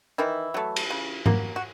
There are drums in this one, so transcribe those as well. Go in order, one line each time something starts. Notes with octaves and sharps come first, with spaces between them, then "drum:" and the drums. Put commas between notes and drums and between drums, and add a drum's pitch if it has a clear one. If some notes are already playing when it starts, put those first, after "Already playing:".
D#3 E3 E4
F#3 A3
drum: cymbal
C#3
F#3 A#3, drum: tom G#2
F#4